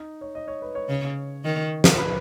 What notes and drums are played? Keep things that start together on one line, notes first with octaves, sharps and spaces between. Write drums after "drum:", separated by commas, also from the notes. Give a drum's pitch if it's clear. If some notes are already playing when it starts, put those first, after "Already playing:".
Already playing: D#4
C#5
D#5
C#5
B4
C#5
C#3
D#3
drum: snare
B4